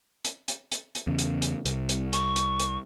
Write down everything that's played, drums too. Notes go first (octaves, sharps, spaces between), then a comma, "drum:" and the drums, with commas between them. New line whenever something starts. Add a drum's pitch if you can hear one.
drum: hi-hat
drum: hi-hat
drum: hi-hat
drum: hi-hat
E2 C#3
drum: hi-hat
drum: hi-hat
C2, drum: hi-hat
drum: hi-hat
C#6, drum: hi-hat
drum: hi-hat
drum: hi-hat